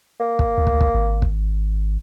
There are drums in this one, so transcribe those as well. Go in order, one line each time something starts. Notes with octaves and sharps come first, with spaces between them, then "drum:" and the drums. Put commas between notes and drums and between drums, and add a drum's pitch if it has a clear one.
A#3
drum: kick
D2
drum: kick
drum: kick
G#1
drum: kick